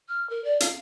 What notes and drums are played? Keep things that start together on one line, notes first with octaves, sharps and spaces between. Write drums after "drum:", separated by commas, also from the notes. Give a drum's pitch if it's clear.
F6
A#4
D5
F5, drum: hi-hat